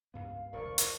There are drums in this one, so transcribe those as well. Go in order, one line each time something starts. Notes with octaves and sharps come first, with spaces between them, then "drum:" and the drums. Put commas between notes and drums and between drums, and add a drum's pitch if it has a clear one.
C#2 G2 B3 F5
E1 C2 D3 F3 A#4 D5 C#6
drum: hi-hat